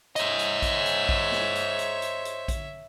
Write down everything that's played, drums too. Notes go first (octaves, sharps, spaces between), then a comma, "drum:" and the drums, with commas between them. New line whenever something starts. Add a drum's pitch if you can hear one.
C5 C#5 D#5 E5, drum: hi-hat
drum: hi-hat
drum: kick A#1, hi-hat
drum: hi-hat
drum: kick A#1
drum: snare
drum: hi-hat
drum: hi-hat
drum: hi-hat
drum: hi-hat
drum: kick A#1, hi-hat